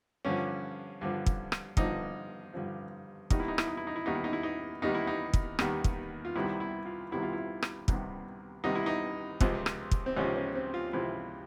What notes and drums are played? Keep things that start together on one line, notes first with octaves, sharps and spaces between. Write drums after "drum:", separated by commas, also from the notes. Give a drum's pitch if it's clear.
G2 D3 F3 C#4
G2 D3 F3
drum: kick
drum: rim click
G2 D3 F3 D#4, drum: kick
G2 D3 F3
D#2 D#3 G3 B3 D#4, drum: kick
E4
D#4
E4, drum: rim click
D#4
E4
D#4
E4
D#2 D#3 G3 B3 D#4
E4
D#4
E4
D#4
D#2 D#3 G3 B3 D#4
E4
D#4
drum: kick
D#2 D#3 G3 B3, drum: rim click
drum: kick
F4
C2 C3 D#3 G3 B3 E4
E4
F4
C2 C3 D#3 G3 B3 E4
F4
E4
drum: rim click
C2 C3 D#3 G3 B3, drum: kick
C2 C3 D#3 G3 B3 D#4
E4
D#4
C#2 C3 F3, drum: kick
drum: rim click
drum: kick
C4
C#2 C3 F3 C#4
C#4
C4
F4
C#2 C3 F3 E4